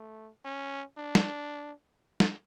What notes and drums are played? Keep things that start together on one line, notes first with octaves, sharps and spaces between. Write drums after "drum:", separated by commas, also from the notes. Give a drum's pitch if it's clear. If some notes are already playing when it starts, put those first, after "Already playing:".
Already playing: A3
C#4
D4
drum: snare
drum: snare